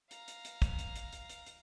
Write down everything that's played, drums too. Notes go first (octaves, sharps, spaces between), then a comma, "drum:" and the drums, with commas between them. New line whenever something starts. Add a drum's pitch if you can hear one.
F5 A#5, drum: hi-hat
drum: hi-hat
drum: hi-hat
drum: kick, hi-hat
drum: hi-hat
drum: hi-hat
drum: hi-hat
drum: hi-hat
drum: hi-hat